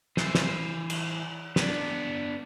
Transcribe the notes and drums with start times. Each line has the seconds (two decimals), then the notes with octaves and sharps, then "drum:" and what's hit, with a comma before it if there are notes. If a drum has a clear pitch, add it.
0.17 E3 C5, drum: snare
0.35 drum: snare
0.90 drum: cymbal
1.56 B3 D4, drum: snare